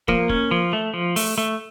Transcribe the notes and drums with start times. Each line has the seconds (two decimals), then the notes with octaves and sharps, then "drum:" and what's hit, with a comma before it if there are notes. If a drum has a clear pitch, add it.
0.08 F3 A#3, drum: kick
0.29 C#4, drum: kick
0.51 F3
0.73 A3
0.94 F3
1.16 A3, drum: open hi-hat
1.38 A3